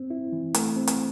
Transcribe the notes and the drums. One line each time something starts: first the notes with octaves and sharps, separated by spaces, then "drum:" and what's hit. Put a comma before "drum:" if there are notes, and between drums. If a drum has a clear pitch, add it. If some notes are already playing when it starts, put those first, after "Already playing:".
Already playing: C4
E4
E3
A3, drum: hi-hat
C4
drum: hi-hat